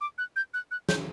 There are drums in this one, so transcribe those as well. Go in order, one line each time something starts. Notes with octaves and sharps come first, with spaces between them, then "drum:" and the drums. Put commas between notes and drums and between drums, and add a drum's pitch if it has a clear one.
D6
F#6
G6
F#6
F#6
G6, drum: snare